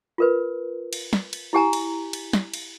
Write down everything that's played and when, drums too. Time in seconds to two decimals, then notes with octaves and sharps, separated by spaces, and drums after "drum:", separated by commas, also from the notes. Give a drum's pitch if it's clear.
0.18 F4 A#4 B4
0.93 drum: cymbal
1.13 drum: snare
1.33 drum: cymbal
1.53 E4 G4 G#5 A#5
1.73 drum: cymbal
2.13 drum: cymbal
2.33 drum: snare
2.54 drum: cymbal